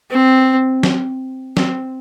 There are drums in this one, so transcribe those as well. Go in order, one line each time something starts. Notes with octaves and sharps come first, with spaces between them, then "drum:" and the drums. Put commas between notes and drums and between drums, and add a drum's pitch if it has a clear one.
C4
drum: snare
C4, drum: snare